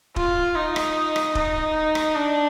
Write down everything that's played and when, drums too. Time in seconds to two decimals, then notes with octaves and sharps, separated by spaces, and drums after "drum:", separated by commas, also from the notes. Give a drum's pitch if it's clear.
0.16 F4, drum: kick D#1
0.55 D#4
0.76 drum: rim click
1.16 drum: rim click
1.35 D#4, drum: kick D#1
1.95 drum: rim click
2.15 D4